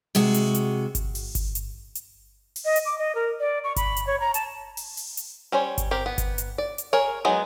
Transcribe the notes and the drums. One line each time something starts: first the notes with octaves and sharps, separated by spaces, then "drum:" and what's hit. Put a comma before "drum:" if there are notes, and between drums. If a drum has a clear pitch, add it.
C3 G#3 F#4, drum: open hi-hat
drum: hi-hat
drum: hi-hat
drum: kick G1, hi-hat
drum: open hi-hat
drum: kick G1, hi-hat
drum: hi-hat
drum: hi-hat
drum: open hi-hat
D#5
drum: hi-hat
D6
D#5
A#4
D5
C#6
B5, drum: kick G1, hi-hat
drum: hi-hat
C#5
A#5
A5, drum: hi-hat
drum: open hi-hat
drum: open hi-hat
drum: hi-hat
G3 C#4 C5 C#5
drum: kick G1, hi-hat
C4 G4 A#4
B3
drum: kick G1, hi-hat
drum: hi-hat
D5
drum: hi-hat
G#4 A#4 C#5
F#3 G#3 B3 D#4 G#4